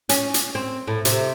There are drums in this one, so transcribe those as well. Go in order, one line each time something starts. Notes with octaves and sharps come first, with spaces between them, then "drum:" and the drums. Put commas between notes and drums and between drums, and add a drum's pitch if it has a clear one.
C#4, drum: hi-hat
drum: hi-hat
C4
A2
C3, drum: hi-hat